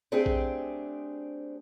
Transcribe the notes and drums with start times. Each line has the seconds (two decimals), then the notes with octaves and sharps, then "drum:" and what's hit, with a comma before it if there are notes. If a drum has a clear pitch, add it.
0.12 A3 C4 D4 G4 G#4
0.26 drum: kick A#1